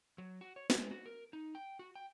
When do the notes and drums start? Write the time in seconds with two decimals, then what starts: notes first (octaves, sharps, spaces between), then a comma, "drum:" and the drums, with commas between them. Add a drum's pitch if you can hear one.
0.18 F#3
0.41 F#4
0.56 C#5
0.70 G#3, drum: snare
0.91 F#4
1.06 A#4
1.33 D#4
1.55 G5
1.79 F#4
1.95 G5